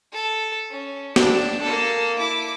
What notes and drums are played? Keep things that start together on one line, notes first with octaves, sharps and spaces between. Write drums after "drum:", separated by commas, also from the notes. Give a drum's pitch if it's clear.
A4
C#4
D4, drum: snare
A#3 A4
E4 D6